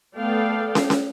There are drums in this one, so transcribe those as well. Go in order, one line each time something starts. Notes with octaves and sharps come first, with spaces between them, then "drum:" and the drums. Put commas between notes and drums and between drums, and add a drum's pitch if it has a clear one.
A3 B3 A4 D5 F5 G5
drum: snare
drum: snare